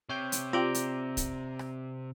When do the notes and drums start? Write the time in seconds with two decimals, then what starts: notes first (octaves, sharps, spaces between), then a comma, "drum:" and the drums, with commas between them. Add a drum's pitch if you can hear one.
0.10 C3 C#5 G5 G6
0.32 drum: hi-hat
0.53 C4 F4 G4 D5 A#5 G6
0.75 drum: hi-hat
1.17 drum: kick, hi-hat
1.59 drum: rim click